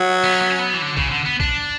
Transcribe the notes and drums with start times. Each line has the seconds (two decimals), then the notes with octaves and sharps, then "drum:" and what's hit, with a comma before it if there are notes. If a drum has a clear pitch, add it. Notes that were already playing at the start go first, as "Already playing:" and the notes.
Already playing: F#3
0.24 B3
0.33 C#4
0.41 B3
0.50 C#4
0.59 B3
0.74 E3
0.82 D3
0.97 C#3, drum: kick B1
1.11 D3
1.25 B3
1.40 D4, drum: kick B1